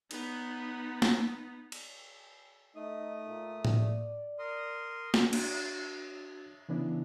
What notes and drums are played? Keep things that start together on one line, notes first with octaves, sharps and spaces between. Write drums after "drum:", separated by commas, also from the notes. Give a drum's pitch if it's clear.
B3 D#4, drum: cymbal
drum: snare
drum: cymbal
A3 D#4 D#5 D#6
A#2
D5, drum: tom A2
A#4 C6 D#6
drum: snare
D4 F#4, drum: cymbal
C#3 E3 B3 D4 E4